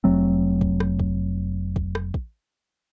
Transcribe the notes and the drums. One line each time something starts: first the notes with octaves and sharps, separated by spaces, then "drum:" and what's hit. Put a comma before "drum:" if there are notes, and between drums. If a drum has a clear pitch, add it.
F1 F#3 A3 C4
drum: kick
drum: rim click
drum: kick
drum: kick
drum: rim click
drum: kick